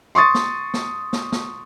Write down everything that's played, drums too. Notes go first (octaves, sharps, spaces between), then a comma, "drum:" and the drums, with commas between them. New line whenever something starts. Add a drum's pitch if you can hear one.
C6 C#6 D#6 A6
drum: snare
drum: snare
drum: snare
drum: snare